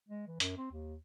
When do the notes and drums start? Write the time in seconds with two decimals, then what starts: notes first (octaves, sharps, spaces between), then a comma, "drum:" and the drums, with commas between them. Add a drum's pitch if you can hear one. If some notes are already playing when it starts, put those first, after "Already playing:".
0.09 G#3
0.27 E3
0.40 F#2, drum: hi-hat
0.57 C4
0.72 D#2